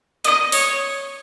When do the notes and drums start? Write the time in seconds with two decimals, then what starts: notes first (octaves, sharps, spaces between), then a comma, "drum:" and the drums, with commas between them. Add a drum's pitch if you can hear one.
0.25 D#5, drum: hi-hat
0.52 C#5, drum: open hi-hat